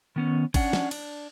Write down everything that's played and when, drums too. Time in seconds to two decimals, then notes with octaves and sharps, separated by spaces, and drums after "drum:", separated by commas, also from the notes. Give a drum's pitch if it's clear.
0.16 D#3 B3 C#4
0.54 C#4 D4 F#5, drum: kick G1, cymbal
0.73 drum: snare
0.91 D4, drum: cymbal